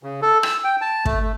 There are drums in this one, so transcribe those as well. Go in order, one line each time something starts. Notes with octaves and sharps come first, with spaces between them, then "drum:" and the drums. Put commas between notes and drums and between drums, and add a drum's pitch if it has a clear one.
C#3
A4
E6, drum: rim click
G5
A5
A3, drum: kick
A3